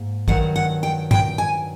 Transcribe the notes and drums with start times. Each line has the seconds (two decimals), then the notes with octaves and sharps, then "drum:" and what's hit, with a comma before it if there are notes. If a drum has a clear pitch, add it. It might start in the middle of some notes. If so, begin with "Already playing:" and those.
Already playing: G#2 A#3
0.28 G2 D#3 F#3 F#5, drum: kick
0.56 F#5
0.83 G5
1.11 G5, drum: tom
1.38 G#5